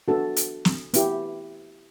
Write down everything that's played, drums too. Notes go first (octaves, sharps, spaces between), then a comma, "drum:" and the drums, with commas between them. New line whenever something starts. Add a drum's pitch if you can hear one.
B3 D4 F#4 A4
drum: hi-hat
drum: snare
B3 E4 G4, drum: hi-hat